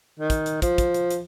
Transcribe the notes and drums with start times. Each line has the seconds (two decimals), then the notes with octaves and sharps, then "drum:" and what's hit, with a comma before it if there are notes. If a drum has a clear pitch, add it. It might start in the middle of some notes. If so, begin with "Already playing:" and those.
0.20 D#3
0.30 drum: kick, hi-hat
0.46 drum: hi-hat
0.62 F3, drum: kick, hi-hat
0.78 drum: kick, hi-hat
0.94 drum: hi-hat
1.11 drum: hi-hat